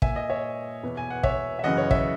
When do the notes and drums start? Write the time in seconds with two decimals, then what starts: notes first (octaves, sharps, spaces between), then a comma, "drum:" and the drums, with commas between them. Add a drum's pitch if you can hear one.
0.02 A#2 E5 G#5, drum: kick
0.16 D#5
0.30 C#5 E5
0.83 E2 B2
0.97 G#5
1.10 F#5
1.23 C#5 E5, drum: kick
1.59 E5
1.64 F#2 C#3 E3 D#5 F#5
1.78 C#5
1.91 C#5 E5, drum: kick